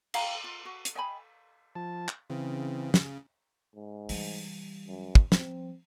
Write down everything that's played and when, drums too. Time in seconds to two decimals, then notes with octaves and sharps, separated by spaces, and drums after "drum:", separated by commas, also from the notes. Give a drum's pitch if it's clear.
0.14 E4 F5 G5 A#5, drum: cymbal
0.44 F4
0.65 F#4
0.85 drum: hi-hat
0.95 D#5 G5 G#5 B5
1.75 F3 A5
2.08 drum: clap
2.30 C#3 E3 C4
2.94 drum: snare
3.76 G#2
4.09 E3 G3, drum: open hi-hat
4.88 F#2
5.15 drum: kick
5.32 F3 G3 C4, drum: snare